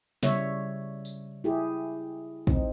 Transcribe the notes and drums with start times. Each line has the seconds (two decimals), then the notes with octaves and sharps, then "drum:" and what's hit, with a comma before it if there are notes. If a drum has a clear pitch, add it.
0.23 C#3 G3 C#5 E5, drum: snare
1.05 drum: tambourine
1.44 E4 G4 G#4
2.47 C4 D#4, drum: kick